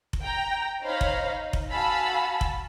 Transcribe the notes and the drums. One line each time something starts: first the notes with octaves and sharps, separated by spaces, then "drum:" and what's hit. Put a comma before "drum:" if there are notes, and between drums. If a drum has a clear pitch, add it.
drum: kick F1
G5 A#5
D#4 C5 C#5 F5 A#5 B5
drum: kick F1
D#4
drum: kick F1
F#4 F5 G#5 A5 B5 E6
drum: kick F1